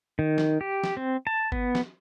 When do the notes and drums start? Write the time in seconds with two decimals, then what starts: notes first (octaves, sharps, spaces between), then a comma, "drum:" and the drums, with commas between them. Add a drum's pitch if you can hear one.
0.19 D#3
0.38 drum: snare
0.61 G4
0.84 drum: snare
0.97 C4
1.27 A5
1.52 B3, drum: kick G1
1.75 drum: snare